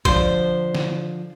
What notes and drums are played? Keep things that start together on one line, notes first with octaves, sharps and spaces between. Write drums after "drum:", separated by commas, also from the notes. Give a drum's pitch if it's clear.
D3 F3 C5 D5, drum: kick A1
drum: snare